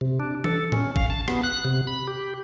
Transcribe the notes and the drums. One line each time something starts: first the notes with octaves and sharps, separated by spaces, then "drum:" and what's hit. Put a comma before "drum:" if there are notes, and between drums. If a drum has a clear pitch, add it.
C3
D4
A4, drum: tom E3
C#4, drum: tom A2
F5, drum: kick
A5
B3, drum: rim click
F#6
C3
B5
G4